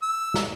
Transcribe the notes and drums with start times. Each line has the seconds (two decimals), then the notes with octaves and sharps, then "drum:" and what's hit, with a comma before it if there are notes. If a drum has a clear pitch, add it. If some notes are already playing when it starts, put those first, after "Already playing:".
0.02 E6
0.34 drum: snare